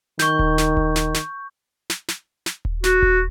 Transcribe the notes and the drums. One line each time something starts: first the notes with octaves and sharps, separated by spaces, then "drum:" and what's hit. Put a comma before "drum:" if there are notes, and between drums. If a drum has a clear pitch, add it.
D#3 C#6 G6, drum: snare
drum: kick D#1
drum: snare
drum: kick D#1
drum: snare
drum: snare
drum: snare
drum: snare
drum: snare
drum: kick D#1
F#4, drum: snare
drum: kick D#1